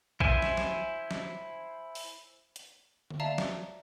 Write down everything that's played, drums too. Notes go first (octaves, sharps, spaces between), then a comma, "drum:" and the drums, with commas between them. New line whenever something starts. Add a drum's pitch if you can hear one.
E4 C5 E5 G#5, drum: kick A#1
drum: snare
drum: snare
drum: snare
drum: open hi-hat
drum: hi-hat
drum: tom D3
D5 E5 F5 A5 A#5
drum: snare